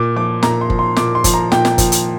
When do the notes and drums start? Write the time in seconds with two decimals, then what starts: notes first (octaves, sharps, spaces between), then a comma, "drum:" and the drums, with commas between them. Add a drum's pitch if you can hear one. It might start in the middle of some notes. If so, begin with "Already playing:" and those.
Already playing: A#2 D6
0.16 F3 D6
0.43 A#2 A#5, drum: snare
0.61 C6
0.70 F3, drum: kick F#1
0.79 C6
0.96 A#2 D6, drum: snare
1.15 C6
1.24 F3, drum: kick F#1, hi-hat
1.34 A#5
1.52 A#2 G5, drum: snare
1.65 drum: snare
1.78 F3, drum: kick F#1, hi-hat
1.92 drum: hi-hat